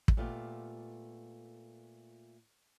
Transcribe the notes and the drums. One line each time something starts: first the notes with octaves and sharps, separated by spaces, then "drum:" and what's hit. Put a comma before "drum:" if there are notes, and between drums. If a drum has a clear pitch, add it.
drum: kick
A#2 A3 B3 F4 G4